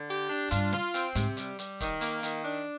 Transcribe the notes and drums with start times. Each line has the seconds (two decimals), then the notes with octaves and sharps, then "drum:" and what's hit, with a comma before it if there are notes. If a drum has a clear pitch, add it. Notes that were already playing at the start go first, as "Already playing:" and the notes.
Already playing: D3
0.09 G4
0.30 D4
0.51 G2 F4, drum: hi-hat
0.72 F4, drum: snare
0.94 C4, drum: hi-hat
1.15 G#2 C3, drum: hi-hat
1.37 G3, drum: hi-hat
1.59 G3, drum: hi-hat
1.80 D#3, drum: kick, hi-hat
2.01 A#3, drum: hi-hat
2.23 D#3, drum: hi-hat
2.45 D4